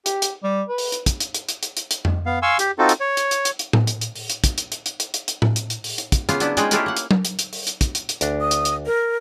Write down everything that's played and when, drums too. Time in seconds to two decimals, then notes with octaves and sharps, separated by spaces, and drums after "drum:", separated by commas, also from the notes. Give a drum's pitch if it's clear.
0.06 G4, drum: hi-hat
0.22 drum: hi-hat
0.44 G3
0.68 B4
0.78 drum: open hi-hat
0.92 drum: hi-hat
1.06 drum: kick, hi-hat
1.20 drum: hi-hat
1.34 drum: hi-hat
1.49 drum: hi-hat
1.63 drum: hi-hat
1.77 drum: hi-hat
1.91 drum: hi-hat
2.05 drum: tom F2
2.26 B3 F5
2.42 F5 G#5 C6 C#6 E6
2.59 G4, drum: hi-hat
2.79 C4 D#4 F4 F#4 A4
2.89 drum: hi-hat
3.00 C#5
3.17 drum: hi-hat
3.31 drum: hi-hat
3.45 drum: hi-hat
3.59 drum: hi-hat
3.73 drum: tom A2
3.87 drum: hi-hat
4.01 drum: hi-hat
4.16 drum: open hi-hat
4.30 drum: hi-hat
4.44 drum: kick, hi-hat
4.58 drum: hi-hat
4.72 drum: hi-hat
4.86 drum: hi-hat
5.00 drum: hi-hat
5.14 drum: hi-hat
5.28 drum: hi-hat
5.42 drum: tom A2
5.56 drum: hi-hat
5.70 drum: hi-hat
5.84 drum: open hi-hat
5.98 drum: hi-hat
6.12 drum: kick, hi-hat
6.29 C#3 A#3 B3 F4 F5, drum: hi-hat
6.40 F#3 B3 D4 E4, drum: hi-hat
6.57 G#3 C#4 D#4 F4 F#5 G5, drum: hi-hat
6.71 A3 E4 F4 G4 A#4 B4, drum: hi-hat
6.86 A#3 F#5
6.97 drum: hi-hat
7.11 drum: tom F#3
7.25 drum: hi-hat
7.39 drum: hi-hat
7.53 drum: open hi-hat
7.67 drum: hi-hat
7.81 drum: kick, hi-hat
7.95 drum: hi-hat
8.09 drum: hi-hat
8.21 D2 D4, drum: hi-hat
8.41 D#6
8.51 drum: hi-hat
8.65 drum: hi-hat
8.86 A#4